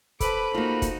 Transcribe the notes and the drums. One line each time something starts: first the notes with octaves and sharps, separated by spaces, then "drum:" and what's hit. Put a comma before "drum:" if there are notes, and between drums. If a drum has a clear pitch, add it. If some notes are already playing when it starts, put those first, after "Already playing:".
A4 B4 C5 A5 B5 D6, drum: kick, hi-hat
A#3 D#4 F4 F#4
drum: kick, hi-hat